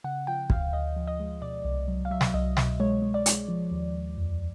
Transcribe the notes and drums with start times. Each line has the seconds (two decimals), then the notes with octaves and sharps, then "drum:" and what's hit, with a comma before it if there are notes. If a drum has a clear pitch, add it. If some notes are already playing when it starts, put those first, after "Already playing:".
0.04 C#3 F#5
0.27 F3 G5
0.50 D2 F5, drum: kick
0.73 D2 D#5
0.96 F3
1.07 D#5
1.20 G#3
1.42 B2 D5
1.65 C2
1.88 F#3
2.05 F5
2.11 F#3 E5
2.21 drum: snare
2.34 C2 D#5
2.57 B2, drum: snare
2.80 G#3 C#5
3.02 G#3
3.14 D5
3.26 G#3, drum: hi-hat
3.49 F3
3.71 D#2
3.94 D#2
4.18 F2